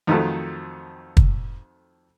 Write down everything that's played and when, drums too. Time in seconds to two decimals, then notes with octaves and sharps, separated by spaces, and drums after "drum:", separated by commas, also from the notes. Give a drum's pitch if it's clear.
0.07 F2 D#3 F3 F#3 A3 A4
1.17 drum: kick